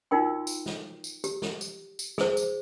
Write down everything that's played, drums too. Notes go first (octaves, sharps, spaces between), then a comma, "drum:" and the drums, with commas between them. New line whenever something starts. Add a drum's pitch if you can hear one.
D#4 F4 F#4 A#4 G5 C6
drum: tambourine
drum: snare
drum: tambourine
G4, drum: tambourine
drum: snare
drum: tambourine
drum: tambourine
G#4 C5, drum: snare
drum: tambourine